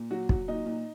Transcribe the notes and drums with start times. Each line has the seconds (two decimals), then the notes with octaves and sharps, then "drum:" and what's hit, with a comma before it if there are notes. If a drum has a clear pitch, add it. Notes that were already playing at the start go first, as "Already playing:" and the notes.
Already playing: A#2
0.11 F#3 F#4
0.29 F#3, drum: kick
0.48 A#2 D#4
0.66 A#2